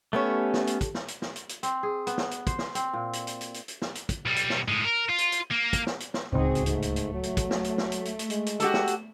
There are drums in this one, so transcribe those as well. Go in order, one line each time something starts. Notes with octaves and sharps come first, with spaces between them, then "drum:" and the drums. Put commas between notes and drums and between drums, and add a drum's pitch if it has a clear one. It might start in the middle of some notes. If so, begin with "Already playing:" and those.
A3 B3 C#4 G4 A4 C#5
drum: snare
drum: hi-hat
drum: kick, hi-hat
drum: snare
drum: hi-hat
drum: snare
drum: hi-hat
drum: hi-hat
C4, drum: hi-hat
G#4
B3, drum: hi-hat
drum: snare
drum: hi-hat
C5, drum: kick, hi-hat
drum: snare
C4, drum: hi-hat
A#2
drum: hi-hat
drum: hi-hat
drum: hi-hat
drum: hi-hat
drum: hi-hat
drum: snare
drum: hi-hat
drum: kick, hi-hat
B1 G3
drum: hi-hat
drum: snare
A2 G#3
A#4
F4
drum: hi-hat
drum: hi-hat
A#3
drum: kick, hi-hat
drum: snare
drum: hi-hat
drum: snare
D1 C#2 C4 D#4 F#4 G#4
drum: hi-hat
G#2 A3, drum: hi-hat
drum: hi-hat
drum: hi-hat
F#3
drum: hi-hat
drum: kick, hi-hat
drum: snare
drum: hi-hat
drum: snare
drum: hi-hat
drum: hi-hat
drum: hi-hat
G#3, drum: hi-hat
drum: hi-hat
F#4 G4 A4, drum: hi-hat
drum: snare
drum: hi-hat